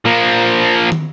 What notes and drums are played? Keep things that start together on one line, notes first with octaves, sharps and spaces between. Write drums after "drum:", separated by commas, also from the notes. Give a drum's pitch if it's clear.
F3 A#3
drum: tom